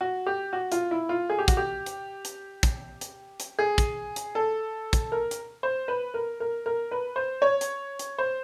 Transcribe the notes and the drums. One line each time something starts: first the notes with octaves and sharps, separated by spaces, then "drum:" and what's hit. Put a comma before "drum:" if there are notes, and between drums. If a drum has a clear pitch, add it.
F#4
G4
F#4
F4, drum: hi-hat
E4
F4
G#4
G4
F#4, drum: kick, hi-hat
G4
drum: hi-hat
drum: hi-hat
drum: kick, hi-hat
drum: hi-hat
drum: hi-hat
G#4
drum: kick, hi-hat
drum: hi-hat
A4
drum: kick, hi-hat
A#4
drum: hi-hat
C5
B4
A#4
A#4
A#4
B4
C5
C#5
drum: hi-hat
drum: hi-hat
C5